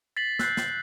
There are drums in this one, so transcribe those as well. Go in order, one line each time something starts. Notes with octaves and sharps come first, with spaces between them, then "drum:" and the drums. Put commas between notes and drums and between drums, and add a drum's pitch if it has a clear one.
A6 B6 C7 F#7
E6 F#6 G6 A6 C7, drum: snare
drum: snare